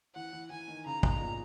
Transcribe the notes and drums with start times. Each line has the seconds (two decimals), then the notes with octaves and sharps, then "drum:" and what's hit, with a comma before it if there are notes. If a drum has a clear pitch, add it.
0.15 E3 F#5
0.33 E3
0.50 E3 G#5
0.68 D#3
0.86 C#3 A#5
1.03 B2, drum: kick
1.20 A#2